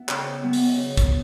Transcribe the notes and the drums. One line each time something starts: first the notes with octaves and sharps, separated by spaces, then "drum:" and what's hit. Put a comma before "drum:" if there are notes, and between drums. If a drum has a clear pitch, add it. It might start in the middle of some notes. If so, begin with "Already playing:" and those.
Already playing: B3 E4
C#3 G5, drum: clap
F#3 B3 E4
drum: open hi-hat
C#3
drum: kick, hi-hat